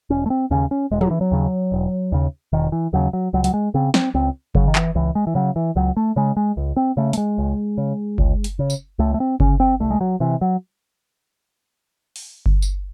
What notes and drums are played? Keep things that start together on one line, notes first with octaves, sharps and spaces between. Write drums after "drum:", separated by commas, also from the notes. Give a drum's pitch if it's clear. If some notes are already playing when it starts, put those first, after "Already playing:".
E1 C#4
A3
C4
D#2 C#3 C#4
C#4
E1 G#3
F#3, drum: tom
E3
F#3
D#2 C#3
E1
D#2 C#3
E1 D#3
E3
D#2 C#3 F#3
F#3
C#2 F#3
F#3, drum: hi-hat
G#3
C#3 C4
C4, drum: snare
C#2 C4
C#3 F#3, drum: kick G1
D#3
E3, drum: clap
C#2 E3
G#3
E3
C#3 F#3
E3
C#2 F#3
A3
C#3 G#3
G#3
C#2
C4
C#3 A3
A3, drum: hi-hat
G#3
C#2
C#3
C#2, drum: kick G1
drum: hi-hat
C#3
drum: tambourine
C#2 A3
A3
C4
C#3 C#4, drum: kick G1
C4
C2 A3
G#3
F#3
C3 E3
F#3
drum: open hi-hat
drum: kick G1
drum: tambourine